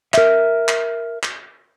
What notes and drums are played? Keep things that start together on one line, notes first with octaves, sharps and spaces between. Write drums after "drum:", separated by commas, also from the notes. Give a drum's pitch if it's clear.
A#4 E5, drum: clap
drum: clap
drum: clap